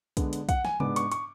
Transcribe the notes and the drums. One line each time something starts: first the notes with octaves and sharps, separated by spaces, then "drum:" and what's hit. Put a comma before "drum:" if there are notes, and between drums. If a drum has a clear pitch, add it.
D3 G#3 B3 D4, drum: kick, hi-hat
drum: hi-hat
F#5, drum: kick, hi-hat
G#5, drum: snare
G#2 G#3 B3 D4 D6, drum: tom C3
C#6, drum: hi-hat
C#6, drum: hi-hat